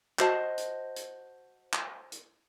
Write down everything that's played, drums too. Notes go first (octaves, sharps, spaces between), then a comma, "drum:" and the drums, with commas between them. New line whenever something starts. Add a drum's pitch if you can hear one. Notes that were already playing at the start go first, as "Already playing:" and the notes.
F#4 C5 D#5 A5, drum: clap
drum: hi-hat
drum: hi-hat
drum: clap
drum: hi-hat